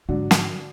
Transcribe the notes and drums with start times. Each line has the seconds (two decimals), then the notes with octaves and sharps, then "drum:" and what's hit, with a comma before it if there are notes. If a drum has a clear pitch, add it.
0.09 G#2 D3 F#3
0.31 drum: snare